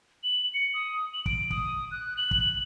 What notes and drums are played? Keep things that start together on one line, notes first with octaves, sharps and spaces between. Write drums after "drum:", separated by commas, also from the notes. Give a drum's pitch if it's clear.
F#7
C#7
D#6
F#7
D7, drum: kick
D#6, drum: kick
F#6
F#7
drum: kick